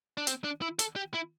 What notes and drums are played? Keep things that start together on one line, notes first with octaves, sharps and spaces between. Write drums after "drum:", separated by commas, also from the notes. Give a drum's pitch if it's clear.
D4
C4, drum: hi-hat
D4
E4
A4, drum: hi-hat
G4
E4